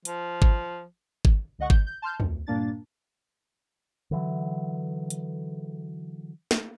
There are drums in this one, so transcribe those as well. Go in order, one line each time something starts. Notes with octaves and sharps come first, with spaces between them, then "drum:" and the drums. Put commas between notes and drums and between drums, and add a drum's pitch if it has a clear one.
F3, drum: hi-hat
drum: kick G#1
drum: kick G#1
C#2 D3 D#5 F#5 C#6
G6, drum: kick G#1
G6
A5 C6 F6 G6
D2, drum: tom E2
G2 A#2 A#3 D4 A6
D3 E3 F#3
drum: hi-hat
drum: snare